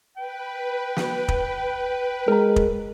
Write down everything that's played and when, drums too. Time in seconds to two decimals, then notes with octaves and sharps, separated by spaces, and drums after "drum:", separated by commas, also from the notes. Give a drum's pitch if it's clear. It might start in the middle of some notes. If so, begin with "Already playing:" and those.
0.17 B4 G5
0.97 drum: snare
1.28 drum: kick
2.28 G#3 A#4 A#5
2.56 drum: kick